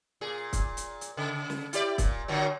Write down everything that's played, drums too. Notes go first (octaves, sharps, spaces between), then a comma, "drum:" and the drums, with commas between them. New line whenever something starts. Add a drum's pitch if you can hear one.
A#2 G#4
drum: kick, hi-hat
drum: hi-hat
drum: hi-hat
C#3
drum: snare
E4 G4 D5, drum: hi-hat
A#2, drum: kick, hi-hat
A#2 D3 F#3